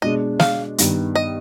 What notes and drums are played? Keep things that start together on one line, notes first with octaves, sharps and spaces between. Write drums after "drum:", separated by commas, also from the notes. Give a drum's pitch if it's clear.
B2 G#3 D4 D#5
F5, drum: snare
G2 D#3 B3, drum: hi-hat
D#5